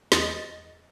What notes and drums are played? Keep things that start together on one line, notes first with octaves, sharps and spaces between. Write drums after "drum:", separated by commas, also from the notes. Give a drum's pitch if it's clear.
E2 G#3 D#5 A6 A#6, drum: snare